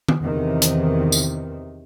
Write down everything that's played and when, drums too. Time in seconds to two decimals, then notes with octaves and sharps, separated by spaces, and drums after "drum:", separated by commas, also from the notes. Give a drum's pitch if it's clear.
0.08 drum: tom
0.20 E2 C3 D#3
0.62 drum: hi-hat
1.12 drum: tambourine